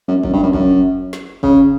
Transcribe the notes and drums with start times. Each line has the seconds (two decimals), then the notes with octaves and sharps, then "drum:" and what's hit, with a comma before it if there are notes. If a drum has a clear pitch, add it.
0.08 F#2
0.23 F#2, drum: kick F#1
0.33 G2
0.43 F#2
0.53 F#2, drum: kick F#1
1.13 drum: snare
1.43 C#3, drum: kick F#1